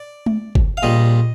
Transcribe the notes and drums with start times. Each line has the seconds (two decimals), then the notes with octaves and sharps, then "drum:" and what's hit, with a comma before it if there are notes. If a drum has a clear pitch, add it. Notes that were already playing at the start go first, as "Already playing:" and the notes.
Already playing: D5
0.26 drum: tom G#3
0.55 drum: kick G1
0.77 F5
0.83 A#1 A#2 G3 D#5